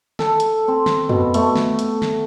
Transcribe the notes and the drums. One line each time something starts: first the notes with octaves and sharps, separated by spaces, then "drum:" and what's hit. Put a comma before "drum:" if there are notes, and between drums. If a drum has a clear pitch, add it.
A4, drum: snare
drum: hi-hat
C4
drum: snare
B2, drum: tom
A3, drum: hi-hat
drum: snare
drum: hi-hat
drum: snare